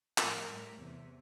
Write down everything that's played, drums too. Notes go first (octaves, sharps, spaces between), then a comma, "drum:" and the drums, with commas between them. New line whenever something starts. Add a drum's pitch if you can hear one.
A2 F3 A#4, drum: clap
A2 G3
E2 C3 E3